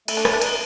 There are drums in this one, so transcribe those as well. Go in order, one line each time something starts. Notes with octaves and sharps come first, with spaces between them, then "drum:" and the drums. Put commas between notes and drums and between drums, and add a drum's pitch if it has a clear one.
A3 E4, drum: cymbal
D4
C#4, drum: rim click
D4
D#4, drum: cymbal